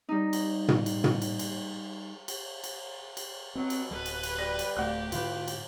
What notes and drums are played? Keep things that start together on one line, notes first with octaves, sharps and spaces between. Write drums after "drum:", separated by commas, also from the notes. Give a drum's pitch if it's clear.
G3 D#4
drum: cymbal
drum: tom
drum: cymbal
drum: tom
drum: cymbal
drum: cymbal
drum: cymbal
drum: cymbal
drum: cymbal
B2 F#3 C4
drum: cymbal
D1 F#3 B4
drum: cymbal
drum: cymbal
G3 A#6
drum: cymbal
D1 A3 G4 F5 F#5 F#6
G#2 D3 F#3 E4 F4 B4, drum: cymbal
drum: cymbal